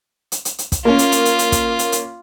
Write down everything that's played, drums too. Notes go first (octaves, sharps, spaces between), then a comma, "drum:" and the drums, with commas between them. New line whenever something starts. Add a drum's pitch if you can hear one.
drum: hi-hat
drum: hi-hat
drum: hi-hat
drum: kick, hi-hat
A#3 C#4 F4
drum: hi-hat
drum: hi-hat
drum: hi-hat
drum: hi-hat
drum: kick, hi-hat
drum: hi-hat
drum: hi-hat